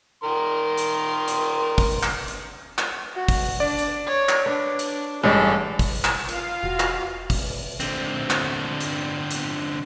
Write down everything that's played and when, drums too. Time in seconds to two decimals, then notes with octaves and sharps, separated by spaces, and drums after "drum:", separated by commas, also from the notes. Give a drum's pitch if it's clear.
0.24 D#3 A#4 C6
0.78 drum: hi-hat
1.28 drum: hi-hat
1.78 drum: kick, open hi-hat
2.03 drum: clap
2.28 drum: hi-hat
2.78 drum: clap
3.14 F#4
3.28 drum: kick, open hi-hat
3.60 D4 D5
3.79 drum: hi-hat
4.07 C#5
4.29 drum: clap
4.46 D4 B4
4.79 drum: hi-hat
5.23 A1 G2 G3 G#3 C#4 A4
5.79 drum: kick, open hi-hat
6.04 drum: clap
6.29 F4 F5, drum: hi-hat
6.63 E1 F#4
6.80 drum: clap
7.30 drum: kick, open hi-hat
7.80 D3 C4, drum: hi-hat
8.30 drum: clap
8.80 drum: hi-hat
9.31 drum: hi-hat